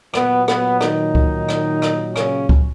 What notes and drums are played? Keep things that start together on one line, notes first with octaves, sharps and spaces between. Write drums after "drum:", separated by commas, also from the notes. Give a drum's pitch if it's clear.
A#2 F#3 B3, drum: rim click
B3, drum: rim click
D#3 D#4, drum: rim click
drum: kick C#2
drum: rim click
drum: rim click
C#3 C#4, drum: rim click
drum: kick C#2